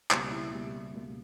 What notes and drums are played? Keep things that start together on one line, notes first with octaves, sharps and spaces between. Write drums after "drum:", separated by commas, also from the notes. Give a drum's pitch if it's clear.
C#2 B2 G3 A#3, drum: clap
E4
C#2 B2 G3 A#3
C#2 B2 G3 A#3